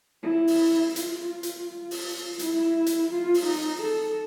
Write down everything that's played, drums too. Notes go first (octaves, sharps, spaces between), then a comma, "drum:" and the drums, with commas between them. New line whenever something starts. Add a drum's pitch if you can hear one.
E4
drum: open hi-hat
F4, drum: hi-hat
drum: hi-hat
F4
drum: open hi-hat
E4, drum: hi-hat
drum: hi-hat
F4
drum: open hi-hat
D#4
A4